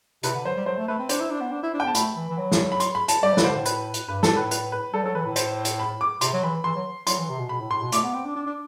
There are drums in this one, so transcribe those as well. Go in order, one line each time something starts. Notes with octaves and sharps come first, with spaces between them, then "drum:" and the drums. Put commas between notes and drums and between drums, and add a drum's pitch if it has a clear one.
C3 B4, drum: hi-hat
D3
F#3 C5
G3
F#3 C5
A3
A3 B4
C4
D4 C5, drum: hi-hat
E4
D4
B3
D4
E4
D4
G5
B3
A5
A3 B5, drum: hi-hat
E3
E3
F#3
drum: snare
B5
C6, drum: hi-hat
B5
A5, drum: hi-hat
G3 D5
F#3
B4, drum: snare
D3 C5
A2
B4, drum: hi-hat
drum: hi-hat
G2 B4
A4, drum: snare
A2
B4
B4, drum: hi-hat
B4
G3 A4
F#3 A4
E3 B4
A2
C5, drum: hi-hat
drum: hi-hat
B5
D6
C3 C6, drum: hi-hat
F#3
E3 B5
E3 C6
F#3
F#3 C6, drum: hi-hat
E3
C3
B2
B2 B5
A2
A2 C6
B2
A3 D6, drum: hi-hat
B3
C4
D4
D4
D4